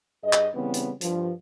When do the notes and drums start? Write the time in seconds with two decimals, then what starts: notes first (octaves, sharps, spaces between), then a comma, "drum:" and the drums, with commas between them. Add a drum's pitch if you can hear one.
0.24 G2 G#4 D#5
0.33 drum: clap
0.54 C#3 E3 G3 B3 C4
0.74 drum: hi-hat
1.01 G2 F3, drum: hi-hat